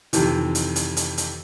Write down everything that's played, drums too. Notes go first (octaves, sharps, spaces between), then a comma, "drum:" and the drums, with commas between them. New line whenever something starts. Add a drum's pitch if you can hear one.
F2 C3 D#3 E3, drum: hi-hat
drum: hi-hat
drum: hi-hat
drum: hi-hat
drum: hi-hat